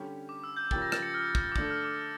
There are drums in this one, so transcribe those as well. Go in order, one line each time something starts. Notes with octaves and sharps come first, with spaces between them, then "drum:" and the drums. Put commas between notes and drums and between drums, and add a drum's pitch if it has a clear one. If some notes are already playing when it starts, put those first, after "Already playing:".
Already playing: D3 G3 C#4 G4
D6
E6
G6
C#3 F3 C#4 G4 A#4 A6, drum: kick
A#6
A6, drum: rim click
C#7
F6
drum: kick
D6
D3 A3 D4 E6, drum: kick
F6
D6